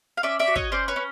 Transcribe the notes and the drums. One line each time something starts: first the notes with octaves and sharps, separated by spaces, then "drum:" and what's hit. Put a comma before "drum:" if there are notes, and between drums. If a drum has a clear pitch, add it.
F5
C#4 D5 E5
D5 E5
F#4
C#5 D#5, drum: kick
C#4 C5 D5
B4 C#5
C#4